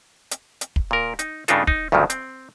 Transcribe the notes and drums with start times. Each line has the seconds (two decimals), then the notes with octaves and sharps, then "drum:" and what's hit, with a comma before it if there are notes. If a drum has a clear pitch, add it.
0.31 drum: hi-hat
0.61 drum: hi-hat
0.76 drum: kick
0.91 A#2 A#4
1.19 D#4, drum: hi-hat
1.48 G2 C#3 D4 D#4 F4 A4, drum: hi-hat
1.67 D#4, drum: kick
1.92 D2 G2 B2 D#3 F3 F#3
2.10 C4, drum: hi-hat